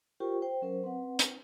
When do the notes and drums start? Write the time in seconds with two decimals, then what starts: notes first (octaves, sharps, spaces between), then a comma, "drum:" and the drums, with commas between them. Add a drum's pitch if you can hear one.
0.20 F4 G4 A#4 C5 G5 C#6
0.42 C5 G5
0.62 F#3 C#4 A#4 C5
0.84 C4 B4 F#5
1.19 drum: hi-hat